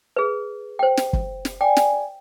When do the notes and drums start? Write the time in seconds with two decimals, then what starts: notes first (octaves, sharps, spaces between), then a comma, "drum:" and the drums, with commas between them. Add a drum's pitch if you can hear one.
0.16 G#4 B4
0.79 C5 G5
0.97 drum: snare
1.13 drum: kick
1.45 drum: snare
1.61 D5 G5 G#5
1.77 drum: snare